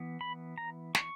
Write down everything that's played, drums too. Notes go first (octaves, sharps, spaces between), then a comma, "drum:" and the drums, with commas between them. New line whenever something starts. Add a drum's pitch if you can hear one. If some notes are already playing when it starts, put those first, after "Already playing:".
Already playing: E3 B3
B5
A#5
C#6, drum: snare